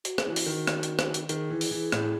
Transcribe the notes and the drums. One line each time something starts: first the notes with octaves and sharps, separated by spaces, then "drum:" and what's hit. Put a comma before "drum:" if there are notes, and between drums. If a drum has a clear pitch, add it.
F#4, drum: hi-hat
G#4, drum: rim click
E3 F#4
drum: open hi-hat
D#3
drum: rim click
drum: hi-hat
drum: rim click
drum: hi-hat
D#3 G#4, drum: hi-hat
E3
drum: open hi-hat
E3
A2, drum: rim click